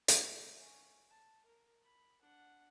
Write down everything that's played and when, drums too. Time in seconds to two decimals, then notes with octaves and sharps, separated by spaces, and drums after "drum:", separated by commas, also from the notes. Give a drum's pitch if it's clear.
0.08 drum: hi-hat
0.18 A3
0.58 C#4
1.10 A5
1.45 A#4
1.83 B5
2.20 D4 F#5